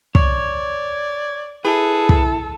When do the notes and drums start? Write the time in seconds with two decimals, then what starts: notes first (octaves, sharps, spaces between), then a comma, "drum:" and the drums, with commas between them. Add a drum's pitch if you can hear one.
0.15 C#5 D5 G#6, drum: kick
1.65 E4 G#4 A4 B4
2.09 drum: kick